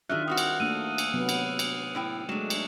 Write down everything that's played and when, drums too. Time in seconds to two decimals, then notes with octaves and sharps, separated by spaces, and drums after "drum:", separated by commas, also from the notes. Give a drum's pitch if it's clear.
0.09 D#3 F#3 D4 F4 G#4 E5 F6 F#6
0.28 G3 C4 F#4 D#6
0.37 drum: cymbal
0.60 A3 A#3 D4 E6 D#7
0.98 drum: cymbal
1.14 C3 F#3 B3
1.29 drum: cymbal
1.59 drum: cymbal
1.95 A2 E4 G5
2.29 F#3 G#3 A3 D4 E7
2.50 drum: cymbal